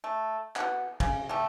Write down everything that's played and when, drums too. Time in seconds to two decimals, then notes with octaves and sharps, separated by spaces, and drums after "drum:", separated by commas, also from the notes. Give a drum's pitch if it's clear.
0.04 A3
0.56 B2 F#5, drum: clap
1.00 C#3, drum: kick, cymbal
1.29 G3 A3